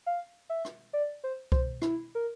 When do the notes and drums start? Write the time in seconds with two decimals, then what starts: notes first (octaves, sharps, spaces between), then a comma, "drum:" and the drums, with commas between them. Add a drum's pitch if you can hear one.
0.06 F5
0.50 E5
0.65 drum: rim click
0.93 D5
1.24 C5
1.52 C5, drum: kick C2
1.82 E4, drum: rim click
2.15 A#4